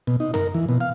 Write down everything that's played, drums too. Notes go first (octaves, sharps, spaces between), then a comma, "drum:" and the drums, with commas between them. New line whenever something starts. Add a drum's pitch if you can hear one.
B2
D#4
A#4, drum: tom F#2
E3
B2
F5